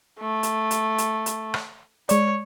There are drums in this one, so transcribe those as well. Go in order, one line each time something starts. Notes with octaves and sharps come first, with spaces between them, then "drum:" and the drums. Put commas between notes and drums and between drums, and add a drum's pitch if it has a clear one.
A3
drum: hi-hat
drum: hi-hat
drum: hi-hat
drum: hi-hat
drum: rim click
G#3 C#5 D5, drum: hi-hat